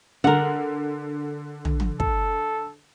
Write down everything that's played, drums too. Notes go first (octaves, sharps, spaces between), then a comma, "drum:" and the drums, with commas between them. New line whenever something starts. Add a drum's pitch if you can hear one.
D3 A#4 F#5
drum: tom
drum: tom
A4, drum: kick